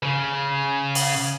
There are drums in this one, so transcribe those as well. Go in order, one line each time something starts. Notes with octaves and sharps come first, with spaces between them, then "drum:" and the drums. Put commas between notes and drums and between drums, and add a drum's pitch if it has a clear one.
C#3
drum: open hi-hat